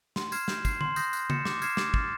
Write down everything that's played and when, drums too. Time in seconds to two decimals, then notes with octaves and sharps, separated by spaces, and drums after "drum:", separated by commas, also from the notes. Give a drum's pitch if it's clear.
0.16 C6, drum: snare
0.32 F6 G#6 C7 E7, drum: tambourine
0.48 G6, drum: snare
0.65 C7 E7, drum: kick, tambourine
0.81 C6, drum: tom D3
0.96 D#6 G6 A#6, drum: tambourine
1.13 F#6, drum: tambourine
1.30 A6 C#7 E7, drum: tom C#3
1.45 D6, drum: snare
1.62 F6 G#6 C7 E7, drum: tambourine
1.77 D6, drum: snare
1.94 F6 A6, drum: kick